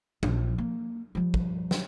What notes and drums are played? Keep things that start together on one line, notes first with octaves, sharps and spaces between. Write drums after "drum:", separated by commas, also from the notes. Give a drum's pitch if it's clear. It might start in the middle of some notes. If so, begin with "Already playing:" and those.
A#1, drum: tom F3
A#3
F3 G3
drum: kick
drum: snare